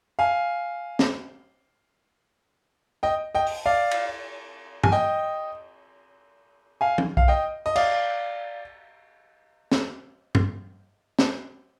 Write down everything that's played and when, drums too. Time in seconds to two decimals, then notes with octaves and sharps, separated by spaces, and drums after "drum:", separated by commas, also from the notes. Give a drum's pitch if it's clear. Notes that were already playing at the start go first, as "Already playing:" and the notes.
0.19 F5 G#5
0.99 drum: snare
3.03 D#5 G5
3.35 D#5 G5
3.46 drum: open hi-hat
3.66 D5 F5
3.91 drum: cymbal
4.84 G#5, drum: tom G2
4.92 D#5 G5
6.81 F5 G#5
6.98 drum: tom
7.17 F5, drum: kick B1
7.28 D#5 G5
7.66 D#5
7.76 D5 F5, drum: cymbal
9.72 drum: snare
10.35 drum: tom G2
11.19 drum: snare